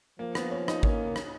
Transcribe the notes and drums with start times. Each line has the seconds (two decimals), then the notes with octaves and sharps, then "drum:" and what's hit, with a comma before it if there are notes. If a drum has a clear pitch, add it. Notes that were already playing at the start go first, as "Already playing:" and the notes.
0.19 F3 A#3
0.35 B3, drum: rim click
0.51 C#4
0.68 D#4, drum: rim click
0.83 A#3 C#4, drum: kick
1.16 drum: rim click